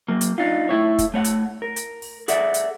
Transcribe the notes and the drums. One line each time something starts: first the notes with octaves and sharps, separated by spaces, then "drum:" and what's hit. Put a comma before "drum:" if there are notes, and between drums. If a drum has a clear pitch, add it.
F#3 A#3
drum: hi-hat
D4 D#4 F4
A3 E4 C#5
drum: kick, hi-hat
A3 C#5 F#5
drum: hi-hat
A#4
drum: hi-hat
drum: open hi-hat
G#4 A4 D5 E5 F#5, drum: hi-hat
drum: hi-hat